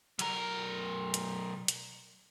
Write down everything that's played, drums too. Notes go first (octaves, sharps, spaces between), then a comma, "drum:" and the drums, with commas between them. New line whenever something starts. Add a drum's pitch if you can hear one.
B1 A#4, drum: hi-hat
drum: hi-hat
drum: hi-hat